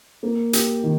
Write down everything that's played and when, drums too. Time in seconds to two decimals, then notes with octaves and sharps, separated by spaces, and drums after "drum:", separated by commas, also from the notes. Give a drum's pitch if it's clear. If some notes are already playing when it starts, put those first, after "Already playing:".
0.23 A#3
0.53 G4, drum: hi-hat
0.84 D#3